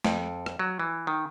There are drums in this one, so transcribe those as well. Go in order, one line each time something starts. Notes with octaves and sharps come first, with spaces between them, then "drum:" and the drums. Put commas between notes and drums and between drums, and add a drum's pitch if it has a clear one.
F2, drum: snare
drum: rim click
F#3
E3
D#3